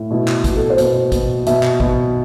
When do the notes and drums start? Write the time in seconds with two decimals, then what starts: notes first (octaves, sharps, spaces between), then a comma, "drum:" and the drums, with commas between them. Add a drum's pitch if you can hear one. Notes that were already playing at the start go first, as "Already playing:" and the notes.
Already playing: A2
0.11 B2 E4
0.28 drum: clap
0.44 B2, drum: kick G#1, hi-hat
0.56 A4
0.70 C5
0.78 B2 B4, drum: hi-hat
1.12 B2, drum: kick G#1, hi-hat
1.46 B2 E5, drum: hi-hat
1.63 drum: clap
1.80 B2, drum: kick G#1